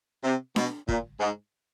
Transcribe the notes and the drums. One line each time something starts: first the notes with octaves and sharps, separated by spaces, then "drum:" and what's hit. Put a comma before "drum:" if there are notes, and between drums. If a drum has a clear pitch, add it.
C3
B2, drum: snare D4
A#2, drum: kick
G#2